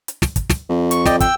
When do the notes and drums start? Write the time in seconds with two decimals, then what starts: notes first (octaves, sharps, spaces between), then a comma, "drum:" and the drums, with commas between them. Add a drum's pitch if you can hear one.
0.08 drum: hi-hat
0.22 drum: snare
0.36 drum: kick, hi-hat
0.50 drum: snare
0.69 F2
0.91 C#6, drum: hi-hat
1.06 D5 D#5 G5, drum: snare
1.20 G5 E6, drum: kick, hi-hat